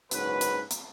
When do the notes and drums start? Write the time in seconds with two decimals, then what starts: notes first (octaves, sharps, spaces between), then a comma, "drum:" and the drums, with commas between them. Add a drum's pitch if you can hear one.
0.11 F#1 G#2 C#4 F#4 B4, drum: hi-hat
0.41 drum: hi-hat
0.71 drum: hi-hat